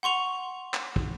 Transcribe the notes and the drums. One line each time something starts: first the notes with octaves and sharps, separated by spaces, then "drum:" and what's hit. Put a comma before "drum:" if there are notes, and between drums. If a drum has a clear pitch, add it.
F#5 C6 C#6 F7
drum: clap
drum: kick